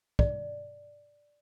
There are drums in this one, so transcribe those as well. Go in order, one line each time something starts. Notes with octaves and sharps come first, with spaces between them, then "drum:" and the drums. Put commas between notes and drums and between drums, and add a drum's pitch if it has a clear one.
D5, drum: kick